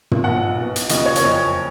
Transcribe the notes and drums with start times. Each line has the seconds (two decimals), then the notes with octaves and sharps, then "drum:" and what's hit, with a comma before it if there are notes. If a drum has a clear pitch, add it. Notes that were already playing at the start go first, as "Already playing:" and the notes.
0.11 drum: tom
0.24 B1 A#2 F3 F#5
0.56 B1 B2
0.76 drum: hi-hat
0.89 D#2 C#3 F3 D#5, drum: hi-hat
1.06 C#5
1.15 D#5, drum: hi-hat
1.22 F#1 F2 F3 C#5